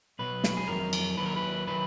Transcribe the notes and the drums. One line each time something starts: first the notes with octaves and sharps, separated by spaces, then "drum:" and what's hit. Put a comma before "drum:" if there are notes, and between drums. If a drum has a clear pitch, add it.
B1 B2 F#3 B4
drum: snare
G#4
F2 D#3 F#3 A#4
drum: cymbal
D#2 D#3 F#3 B4
A#4
B4
D#3 F#3 B4